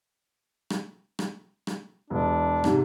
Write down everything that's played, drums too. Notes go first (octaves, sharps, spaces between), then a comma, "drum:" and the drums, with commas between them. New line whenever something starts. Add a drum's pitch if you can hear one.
drum: rim click
drum: rim click
drum: rim click
E1 D4
G#2 C3, drum: rim click